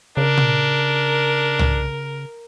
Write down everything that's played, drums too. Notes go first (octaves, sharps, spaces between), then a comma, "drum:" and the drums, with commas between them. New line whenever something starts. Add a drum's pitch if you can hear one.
C#3 D4 A#4
drum: tom A#2
drum: tom C2